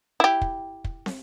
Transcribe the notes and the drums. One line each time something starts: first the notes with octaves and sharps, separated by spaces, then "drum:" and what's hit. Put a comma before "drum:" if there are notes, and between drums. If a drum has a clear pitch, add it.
E4 G4
drum: kick
drum: kick
drum: snare